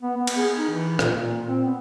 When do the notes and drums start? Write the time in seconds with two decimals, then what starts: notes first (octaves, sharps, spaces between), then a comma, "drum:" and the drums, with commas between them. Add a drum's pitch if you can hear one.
0.03 B3
0.17 B3
0.27 drum: cymbal
0.37 G#4
0.58 D#4
0.70 E3
0.99 A#2, drum: rim click
1.16 A#2
1.46 C4
1.65 B3